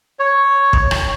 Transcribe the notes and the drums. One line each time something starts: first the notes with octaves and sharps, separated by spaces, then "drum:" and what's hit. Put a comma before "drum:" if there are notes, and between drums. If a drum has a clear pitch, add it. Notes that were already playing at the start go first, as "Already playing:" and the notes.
C#5
drum: kick
drum: rim click